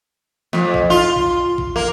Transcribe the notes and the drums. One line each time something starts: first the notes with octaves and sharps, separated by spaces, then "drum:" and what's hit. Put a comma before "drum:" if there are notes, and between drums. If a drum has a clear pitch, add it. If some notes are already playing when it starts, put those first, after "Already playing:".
F2, drum: snare
drum: kick A1
F4
drum: kick A1
drum: kick A1
A#3